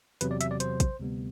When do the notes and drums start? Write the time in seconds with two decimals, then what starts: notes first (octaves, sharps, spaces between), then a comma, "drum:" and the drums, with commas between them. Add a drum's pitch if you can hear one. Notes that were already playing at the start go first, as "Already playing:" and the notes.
0.21 E2 C3 F#3 B4, drum: hi-hat
0.31 D5
0.41 E5, drum: hi-hat
0.51 D5
0.60 C5, drum: hi-hat
0.80 drum: kick, hi-hat
1.00 D2 C3 G3 B3